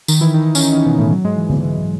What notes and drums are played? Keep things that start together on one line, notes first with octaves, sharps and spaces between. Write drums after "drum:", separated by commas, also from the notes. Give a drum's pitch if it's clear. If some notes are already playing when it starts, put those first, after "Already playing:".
D#3 D#4, drum: tambourine
E3 E4
D#3 D#4
D#3 D#4
C#4, drum: tambourine
D#3 D#4
D#3 D#4
B2 B3
A2 A3
F#3
G#2 G#3
E3
E3, drum: tom D3
E3